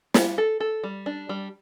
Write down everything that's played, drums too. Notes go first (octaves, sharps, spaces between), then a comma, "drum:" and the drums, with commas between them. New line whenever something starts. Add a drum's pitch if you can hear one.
G3, drum: snare
A4
A4
G3
D4
G3